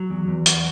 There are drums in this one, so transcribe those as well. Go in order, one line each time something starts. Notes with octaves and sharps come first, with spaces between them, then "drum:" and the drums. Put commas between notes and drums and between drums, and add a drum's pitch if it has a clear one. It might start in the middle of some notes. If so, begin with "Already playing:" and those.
Already playing: F#3
E2
E2
F#4, drum: hi-hat